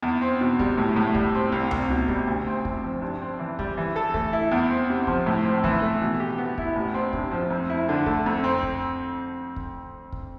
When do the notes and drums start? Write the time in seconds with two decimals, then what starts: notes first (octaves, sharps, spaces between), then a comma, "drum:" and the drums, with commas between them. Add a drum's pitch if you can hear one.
0.02 E2
0.22 C4
0.41 B2
0.59 G3, drum: kick
0.78 A2
0.96 A2
1.15 G3, drum: kick
1.34 C4
1.52 C2
1.71 C2, drum: tom C#2
1.90 B2
2.08 G3, drum: kick
2.27 D2
2.47 C4
2.65 C3, drum: kick
2.84 F3
3.02 G2
3.21 C4
3.39 E3
3.59 G3, drum: kick
3.77 E3
3.96 A4
4.14 A3, drum: kick
4.33 E4
4.51 E2
4.70 C4
4.90 C3
5.07 F3, drum: kick
5.26 A2
5.45 C4
5.64 E3, drum: kick
5.82 A3
6.02 B2
6.20 G4
6.38 B3
6.58 E4, drum: kick
6.76 A1
6.94 C4
7.13 G2, drum: kick
7.31 F3
7.50 F2
7.69 E4
7.89 D3
8.06 A3, drum: kick
8.26 F2
8.44 C4
8.63 drum: kick
9.56 drum: kick
10.12 drum: kick